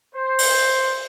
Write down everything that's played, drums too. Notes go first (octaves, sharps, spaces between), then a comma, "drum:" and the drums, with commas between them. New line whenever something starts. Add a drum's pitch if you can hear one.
C5
drum: open hi-hat